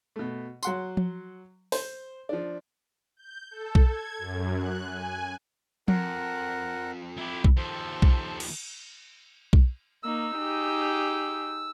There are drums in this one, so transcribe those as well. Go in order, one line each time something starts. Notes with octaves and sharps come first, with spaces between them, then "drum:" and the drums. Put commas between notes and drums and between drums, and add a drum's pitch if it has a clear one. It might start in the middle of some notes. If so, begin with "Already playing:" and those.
B2 A3
F#3 F#5 C6, drum: tambourine
drum: tom F3
C5, drum: open hi-hat
F3 D4
G6
A4
drum: kick B1
G#6
F#2
F#6
G#5
F2 A#4 F#5, drum: tom F3
E4 G4
drum: kick B1
D#2 F3 A4 C5
drum: kick B1
drum: cymbal
drum: kick B1
A#3 D#4 E6
D#4 G4 G#4